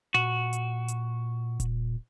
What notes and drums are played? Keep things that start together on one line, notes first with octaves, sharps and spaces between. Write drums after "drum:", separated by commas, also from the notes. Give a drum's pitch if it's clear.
A#2 F#4
drum: hi-hat
drum: hi-hat
A#2, drum: kick D#1, hi-hat